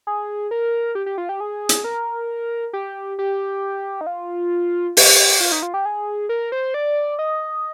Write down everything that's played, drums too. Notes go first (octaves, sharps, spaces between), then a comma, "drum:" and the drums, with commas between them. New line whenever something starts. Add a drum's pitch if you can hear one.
G#4
A#4
G4
G4
F4
G4
G#4
drum: hi-hat
A#4
G4
G4
D#4
F4
G4, drum: open hi-hat
F4
D#4
F4
G4
G#4
A#4
C5
D5
D#5